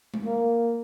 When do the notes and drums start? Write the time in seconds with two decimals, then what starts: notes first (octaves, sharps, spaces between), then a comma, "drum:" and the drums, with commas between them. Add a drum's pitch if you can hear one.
0.14 drum: tom G#3
0.25 A#3